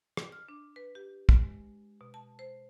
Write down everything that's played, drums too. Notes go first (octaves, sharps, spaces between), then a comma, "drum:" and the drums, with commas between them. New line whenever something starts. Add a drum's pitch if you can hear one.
drum: rim click
F6
D4
B4
G4
G#3, drum: kick
B2
A5
C5